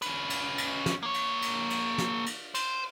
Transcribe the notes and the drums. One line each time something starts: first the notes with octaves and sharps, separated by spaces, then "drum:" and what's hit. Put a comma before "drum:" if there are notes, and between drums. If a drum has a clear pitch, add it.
C#4 B4, drum: cymbal
drum: cymbal
drum: cymbal
drum: snare
A#3 C#5
drum: cymbal
drum: cymbal
drum: cymbal
drum: snare
drum: cymbal
C5, drum: cymbal